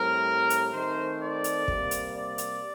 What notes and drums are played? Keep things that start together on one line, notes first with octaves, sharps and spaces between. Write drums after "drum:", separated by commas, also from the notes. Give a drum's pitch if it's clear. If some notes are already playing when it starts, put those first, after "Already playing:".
Already playing: A2 G3 C4 A#4
drum: hi-hat
D#3 A3 C4 C5
D5
drum: hi-hat
C3 G3 A#3, drum: kick
drum: hi-hat
D5
drum: hi-hat